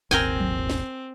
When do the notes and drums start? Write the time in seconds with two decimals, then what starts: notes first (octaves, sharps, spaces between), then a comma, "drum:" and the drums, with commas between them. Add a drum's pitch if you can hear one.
0.11 D#1 G#1 D#2 C4 A#4 G5 G#5, drum: snare
0.40 drum: tom F3
0.70 drum: snare